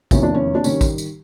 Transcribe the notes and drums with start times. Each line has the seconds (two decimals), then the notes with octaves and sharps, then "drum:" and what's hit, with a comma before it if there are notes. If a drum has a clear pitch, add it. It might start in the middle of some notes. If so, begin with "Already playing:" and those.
0.11 F1 E2 C3 D#3 C#4, drum: kick, tambourine
0.23 D4
0.34 C#4
0.55 D4
0.64 D#3 G3 C#4, drum: tambourine
0.81 drum: kick, tambourine
0.98 drum: tambourine